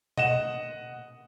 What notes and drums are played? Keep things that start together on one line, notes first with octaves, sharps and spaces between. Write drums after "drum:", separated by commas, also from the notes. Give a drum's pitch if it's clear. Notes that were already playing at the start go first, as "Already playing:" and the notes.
D#5 F#5 E7, drum: tom B2